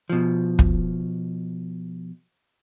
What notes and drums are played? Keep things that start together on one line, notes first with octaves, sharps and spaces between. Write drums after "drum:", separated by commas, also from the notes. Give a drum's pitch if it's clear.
B2 F3
drum: kick